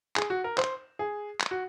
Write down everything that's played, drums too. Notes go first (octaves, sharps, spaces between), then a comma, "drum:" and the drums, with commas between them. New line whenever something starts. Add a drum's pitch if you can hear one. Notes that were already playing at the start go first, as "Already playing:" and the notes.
G#4, drum: clap
F#4
A#4
C5, drum: clap
G#4
drum: clap
F#4